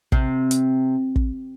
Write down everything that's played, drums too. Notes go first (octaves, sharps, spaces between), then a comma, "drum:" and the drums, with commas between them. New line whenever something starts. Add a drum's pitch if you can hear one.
C3, drum: kick
drum: hi-hat
drum: kick